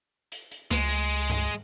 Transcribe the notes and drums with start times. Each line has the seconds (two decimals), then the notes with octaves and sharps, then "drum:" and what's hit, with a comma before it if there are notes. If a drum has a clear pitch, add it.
0.32 drum: hi-hat
0.51 drum: hi-hat
0.71 C#2 G#3, drum: snare
0.91 drum: hi-hat
1.10 drum: open hi-hat
1.30 drum: tom G2